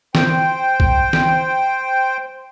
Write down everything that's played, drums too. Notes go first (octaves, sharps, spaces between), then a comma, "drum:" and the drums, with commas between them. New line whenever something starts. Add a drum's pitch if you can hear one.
C5 G5, drum: snare
drum: kick
drum: snare